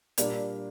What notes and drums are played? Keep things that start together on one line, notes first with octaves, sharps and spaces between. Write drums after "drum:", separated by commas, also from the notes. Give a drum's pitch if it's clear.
A#2 G3 A#3 D4, drum: hi-hat